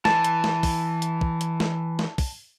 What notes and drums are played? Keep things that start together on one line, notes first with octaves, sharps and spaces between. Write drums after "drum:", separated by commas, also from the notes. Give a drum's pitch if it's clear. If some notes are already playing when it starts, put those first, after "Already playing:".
E3 A5, drum: snare
drum: hi-hat
drum: snare
drum: kick, open hi-hat
drum: hi-hat
drum: kick
drum: hi-hat
drum: snare
drum: snare
drum: kick, open hi-hat